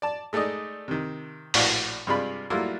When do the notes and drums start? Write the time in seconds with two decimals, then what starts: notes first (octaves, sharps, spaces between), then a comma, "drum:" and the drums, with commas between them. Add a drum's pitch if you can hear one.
0.02 D5 A5
0.33 G#3 A3 D#4 D5 D#5
0.88 C3 D#3
1.54 A#1 A2 F#4 D5 F5, drum: open hi-hat
2.07 G2 C3 G#3 F4 D5 B5
2.50 F#3 G3 A3 A#3 E4 F4